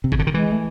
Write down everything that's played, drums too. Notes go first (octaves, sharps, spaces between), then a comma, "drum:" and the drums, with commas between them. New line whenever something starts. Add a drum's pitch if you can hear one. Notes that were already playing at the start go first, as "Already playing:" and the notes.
C3
C#3, drum: kick F#1
D3
D#3
E3 G#3
A3